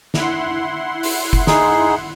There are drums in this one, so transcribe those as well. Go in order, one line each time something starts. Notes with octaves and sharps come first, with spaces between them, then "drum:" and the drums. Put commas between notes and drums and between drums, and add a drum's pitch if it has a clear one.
E4 F#5 C6, drum: snare
drum: open hi-hat
drum: kick F#1
D#4 G#4, drum: snare